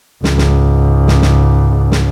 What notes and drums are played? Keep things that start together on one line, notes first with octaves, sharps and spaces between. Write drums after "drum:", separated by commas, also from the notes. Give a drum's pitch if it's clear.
C#2 G#2, drum: snare
drum: snare
drum: snare
drum: snare
drum: snare